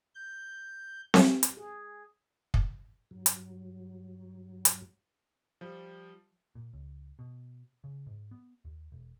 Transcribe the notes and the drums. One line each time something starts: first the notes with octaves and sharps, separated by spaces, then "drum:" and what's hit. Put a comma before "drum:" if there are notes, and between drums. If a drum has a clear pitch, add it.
G6
drum: snare C4
drum: hi-hat
G#4
drum: kick
G2 F#3
drum: hi-hat
drum: hi-hat
F3 G3
A#2
C#2
B2
C#3
G#2
B3
D#2
E1